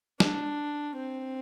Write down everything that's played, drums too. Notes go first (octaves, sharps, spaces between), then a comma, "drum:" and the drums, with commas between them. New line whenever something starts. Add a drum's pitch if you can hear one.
D4, drum: snare
C4